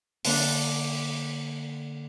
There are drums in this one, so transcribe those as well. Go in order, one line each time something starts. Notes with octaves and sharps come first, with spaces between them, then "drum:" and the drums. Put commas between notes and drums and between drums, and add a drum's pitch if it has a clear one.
D3 A#3 D4, drum: open hi-hat